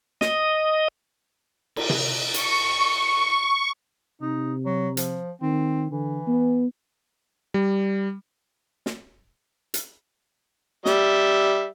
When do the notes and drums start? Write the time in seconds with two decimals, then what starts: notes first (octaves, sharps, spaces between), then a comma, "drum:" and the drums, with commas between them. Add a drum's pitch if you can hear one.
0.21 D#5, drum: snare
1.76 drum: cymbal
1.90 drum: tom C3
2.34 C#6, drum: hi-hat
4.22 C3 D#4
4.66 F#3
4.97 F3, drum: hi-hat
5.42 D#3 C4
5.91 D3 E3
6.27 B3
7.54 G3
8.86 drum: snare
9.74 drum: hi-hat
10.86 G3 E5, drum: snare